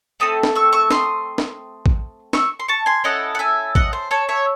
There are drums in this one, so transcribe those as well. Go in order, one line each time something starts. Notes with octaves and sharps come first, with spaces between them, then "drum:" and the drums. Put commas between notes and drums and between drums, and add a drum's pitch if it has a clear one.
A3 C4 A4 D#6
drum: snare
C#6 E6
C#6 E6
C6 D#6, drum: snare
drum: snare
drum: kick A1
C#6 E6, drum: snare
C6
A5 C#6
G#5 C6
C#4 E4 A4 D#5 F#5
F#5
E5 G#5
D#5 F#5, drum: kick A1
C5
A4 C#5
C#5 E5